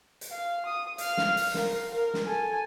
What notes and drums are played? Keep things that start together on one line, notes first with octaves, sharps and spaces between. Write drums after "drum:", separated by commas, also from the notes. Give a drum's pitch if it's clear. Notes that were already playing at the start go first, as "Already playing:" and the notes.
drum: hi-hat
F5
D#6
F5 F6, drum: hi-hat
drum: snare
drum: open hi-hat
A#4 F5, drum: snare
A#4
drum: snare
A4 G#5